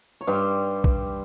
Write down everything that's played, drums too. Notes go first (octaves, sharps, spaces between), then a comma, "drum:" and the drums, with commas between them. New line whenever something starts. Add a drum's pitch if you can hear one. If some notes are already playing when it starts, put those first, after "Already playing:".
C#5
G2 G3 C5
drum: kick A#1